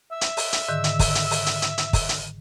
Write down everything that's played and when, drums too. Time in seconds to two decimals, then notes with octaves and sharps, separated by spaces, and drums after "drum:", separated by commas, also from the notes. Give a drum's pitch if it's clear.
0.11 E5
0.21 drum: hi-hat
0.37 drum: open hi-hat
0.53 drum: hi-hat
0.68 G#2 D3 D#3
0.84 drum: hi-hat
0.99 drum: kick, open hi-hat
1.15 drum: hi-hat
1.31 drum: open hi-hat
1.46 drum: hi-hat
1.62 drum: hi-hat
1.78 drum: hi-hat
1.93 drum: kick, open hi-hat
2.09 drum: hi-hat